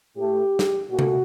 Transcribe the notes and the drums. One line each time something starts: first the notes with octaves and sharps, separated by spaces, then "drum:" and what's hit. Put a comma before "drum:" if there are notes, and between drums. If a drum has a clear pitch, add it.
A2 A3 G4
drum: snare
A#2 A3 F#4
drum: tom C3